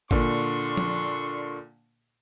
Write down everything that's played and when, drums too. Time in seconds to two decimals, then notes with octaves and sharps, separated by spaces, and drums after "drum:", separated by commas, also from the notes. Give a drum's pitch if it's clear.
0.11 A#2 D3 D4 C6 C#6, drum: kick G#1
0.77 drum: tom F3